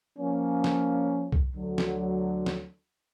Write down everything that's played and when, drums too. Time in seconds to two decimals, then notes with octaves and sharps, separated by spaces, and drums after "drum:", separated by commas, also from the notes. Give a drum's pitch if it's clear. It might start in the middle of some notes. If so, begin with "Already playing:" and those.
0.18 F3 A#3 C#4
0.64 drum: snare
1.32 drum: kick B1
1.55 D2 D3 F#3
1.78 drum: snare
2.46 drum: snare